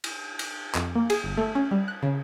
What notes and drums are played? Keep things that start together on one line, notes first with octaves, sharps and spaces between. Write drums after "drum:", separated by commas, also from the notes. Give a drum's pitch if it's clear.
drum: cymbal
drum: cymbal
F2, drum: clap
A#3
G#4, drum: cymbal
G1
A3
C#4
G3
F#6
C#3